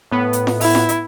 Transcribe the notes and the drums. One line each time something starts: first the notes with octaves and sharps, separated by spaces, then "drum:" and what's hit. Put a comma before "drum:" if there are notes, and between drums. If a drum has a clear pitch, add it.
A2 B3 B4
drum: hi-hat
drum: snare F4
E4, drum: open hi-hat
drum: snare F4
drum: hi-hat